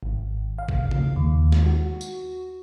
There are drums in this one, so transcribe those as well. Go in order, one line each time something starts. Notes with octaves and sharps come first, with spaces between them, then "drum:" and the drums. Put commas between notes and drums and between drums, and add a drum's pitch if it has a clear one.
G#1
F5
drum: kick
drum: tom C#3
D#2
drum: snare
F#4
drum: tambourine